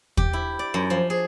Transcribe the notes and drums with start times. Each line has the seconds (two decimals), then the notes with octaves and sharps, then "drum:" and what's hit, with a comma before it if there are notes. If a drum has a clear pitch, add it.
0.17 G4, drum: kick
0.33 E4
0.59 D5
0.74 F#2
0.90 F3
1.10 G#4